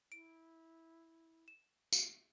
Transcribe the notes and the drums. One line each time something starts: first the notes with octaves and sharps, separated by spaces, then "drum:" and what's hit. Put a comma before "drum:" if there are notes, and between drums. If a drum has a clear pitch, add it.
E4 D7
E7
drum: tambourine